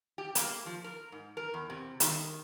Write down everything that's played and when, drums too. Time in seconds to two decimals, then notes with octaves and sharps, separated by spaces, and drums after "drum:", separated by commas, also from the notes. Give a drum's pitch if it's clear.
0.18 G4
0.35 A#3, drum: hi-hat
0.66 F3
0.84 A#4
1.12 G#2
1.37 A#4
1.54 E2
1.70 C3
2.00 D#3, drum: hi-hat